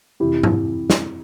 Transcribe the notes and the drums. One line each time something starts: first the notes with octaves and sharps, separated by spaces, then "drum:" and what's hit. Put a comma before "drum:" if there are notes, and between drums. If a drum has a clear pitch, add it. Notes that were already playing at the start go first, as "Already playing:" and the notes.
F2 C3 E3 E4 G4
drum: tom G#2
drum: snare